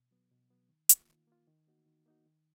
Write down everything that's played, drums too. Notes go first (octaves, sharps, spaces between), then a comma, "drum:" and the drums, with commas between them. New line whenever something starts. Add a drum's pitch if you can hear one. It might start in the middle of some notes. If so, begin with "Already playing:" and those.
Already playing: B2
F#3 B3
B2
F#3 B3
D#3
A#3 F4, drum: hi-hat
D#3
A#3 F4
D#3
A#3 D#4 F#4
D#3
A#3 D#4 F#4
D#3